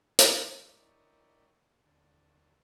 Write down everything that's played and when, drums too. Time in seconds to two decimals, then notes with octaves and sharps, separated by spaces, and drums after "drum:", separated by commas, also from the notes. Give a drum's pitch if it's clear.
0.19 C#5, drum: hi-hat
0.64 D4 E4 A#4 C#5 D#5 G5
1.84 D#2 D3